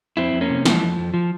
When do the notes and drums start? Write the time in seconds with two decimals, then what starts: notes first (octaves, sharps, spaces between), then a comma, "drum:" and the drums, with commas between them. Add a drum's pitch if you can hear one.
0.17 F2 C4 E4
0.33 F2
0.41 A#3 C#4
0.49 C3
0.65 E3 F3, drum: snare
0.82 F2
0.98 F2
1.14 F3